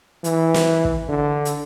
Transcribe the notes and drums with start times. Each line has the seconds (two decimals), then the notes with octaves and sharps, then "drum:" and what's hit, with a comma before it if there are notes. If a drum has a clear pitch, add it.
0.24 E3, drum: hi-hat
0.54 drum: snare
0.85 drum: kick
1.09 D3
1.45 drum: hi-hat